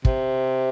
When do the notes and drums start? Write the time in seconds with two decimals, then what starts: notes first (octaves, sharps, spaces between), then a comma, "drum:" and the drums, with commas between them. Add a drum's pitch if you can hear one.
0.05 C3, drum: kick